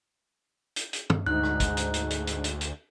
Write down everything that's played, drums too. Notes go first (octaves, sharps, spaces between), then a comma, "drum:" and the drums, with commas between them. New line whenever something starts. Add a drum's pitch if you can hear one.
drum: hi-hat
drum: hi-hat
drum: tom
D2 G#2 D#4 F#6
drum: rim click
drum: kick, hi-hat
drum: hi-hat
drum: hi-hat
drum: hi-hat
drum: hi-hat
drum: hi-hat
drum: hi-hat